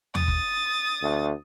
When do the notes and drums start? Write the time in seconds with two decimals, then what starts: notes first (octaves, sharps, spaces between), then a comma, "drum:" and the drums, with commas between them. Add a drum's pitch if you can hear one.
0.15 D#6 A6, drum: tom
0.28 drum: kick
1.02 D2